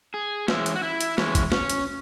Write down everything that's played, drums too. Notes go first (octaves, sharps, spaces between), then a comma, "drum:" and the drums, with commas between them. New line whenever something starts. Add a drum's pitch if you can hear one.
G#4
E3 G#3 C#4 E4, drum: snare
drum: hi-hat
F#4
E4
drum: hi-hat
E3 G#3 C#4, drum: snare
drum: kick, hi-hat
C#4, drum: snare
drum: hi-hat